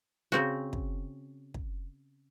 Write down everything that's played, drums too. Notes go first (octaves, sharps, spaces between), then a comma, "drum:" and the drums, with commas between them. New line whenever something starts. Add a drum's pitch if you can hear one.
C#3 C4 F#4
drum: kick
drum: kick